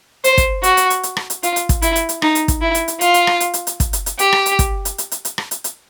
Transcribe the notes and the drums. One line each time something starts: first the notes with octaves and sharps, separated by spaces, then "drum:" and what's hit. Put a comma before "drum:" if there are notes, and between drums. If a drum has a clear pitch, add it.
C5, drum: hi-hat
drum: kick, hi-hat
F#4, drum: hi-hat
drum: hi-hat
drum: hi-hat
drum: hi-hat
drum: rim click
drum: hi-hat
F4, drum: hi-hat
drum: hi-hat
drum: kick, hi-hat
E4, drum: hi-hat
drum: hi-hat
drum: hi-hat
D#4, drum: rim click
drum: hi-hat
drum: kick, hi-hat
E4
drum: hi-hat
drum: hi-hat
F4, drum: hi-hat
drum: hi-hat
drum: rim click
drum: hi-hat
drum: hi-hat
drum: hi-hat
drum: kick, hi-hat
drum: hi-hat
drum: hi-hat
G4, drum: hi-hat
drum: rim click
drum: hi-hat
drum: kick, hi-hat
drum: hi-hat
drum: hi-hat
drum: hi-hat
drum: hi-hat
drum: rim click
drum: hi-hat
drum: hi-hat